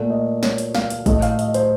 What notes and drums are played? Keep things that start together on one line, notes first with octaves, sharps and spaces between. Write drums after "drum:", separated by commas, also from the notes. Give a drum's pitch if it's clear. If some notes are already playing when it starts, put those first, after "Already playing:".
Already playing: A#2 A3
D#5
C#5, drum: snare
drum: hi-hat
F5, drum: snare
drum: hi-hat
A2 A3 D#5, drum: kick, hi-hat
F5, drum: hi-hat
D#5, drum: hi-hat
C5, drum: hi-hat